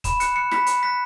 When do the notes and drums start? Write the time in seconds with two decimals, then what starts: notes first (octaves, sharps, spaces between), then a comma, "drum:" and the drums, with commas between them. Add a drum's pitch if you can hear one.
0.04 B5 E7, drum: kick, hi-hat
0.20 F#6 C#7, drum: hi-hat
0.36 F#6 C#7
0.51 B5 B6, drum: snare
0.66 B5, drum: hi-hat
0.83 F#6 B6